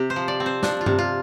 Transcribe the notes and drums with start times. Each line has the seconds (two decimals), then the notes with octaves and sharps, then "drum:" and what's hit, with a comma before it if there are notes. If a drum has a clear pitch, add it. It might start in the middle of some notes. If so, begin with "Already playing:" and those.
Already playing: C3 G4
0.10 C5
0.16 F3
0.28 D5
0.40 C4
0.46 C5
0.63 F3 D4, drum: snare
0.81 F4
0.86 C3, drum: tom G2
0.98 F4